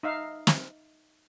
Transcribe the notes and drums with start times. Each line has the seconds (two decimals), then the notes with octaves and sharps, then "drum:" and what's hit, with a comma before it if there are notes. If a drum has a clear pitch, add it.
0.03 D#4 E5 F5
0.47 drum: snare